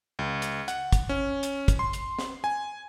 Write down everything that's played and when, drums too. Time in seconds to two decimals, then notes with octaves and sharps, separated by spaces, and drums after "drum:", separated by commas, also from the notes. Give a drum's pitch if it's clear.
0.19 C#2
0.42 drum: hi-hat
0.68 F#5, drum: hi-hat
0.92 drum: kick, hi-hat
1.09 C#4
1.43 drum: hi-hat
1.68 drum: kick, hi-hat
1.79 C6
1.93 drum: hi-hat
2.19 drum: snare
2.44 G#5